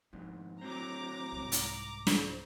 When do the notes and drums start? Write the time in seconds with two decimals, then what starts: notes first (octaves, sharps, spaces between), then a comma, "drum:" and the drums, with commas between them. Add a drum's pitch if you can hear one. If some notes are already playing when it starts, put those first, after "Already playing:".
0.13 F2 G#2 D#3
0.61 A2 F#3 C4 A#5 D6
1.32 C2 G#2
1.52 drum: hi-hat
2.07 C5, drum: snare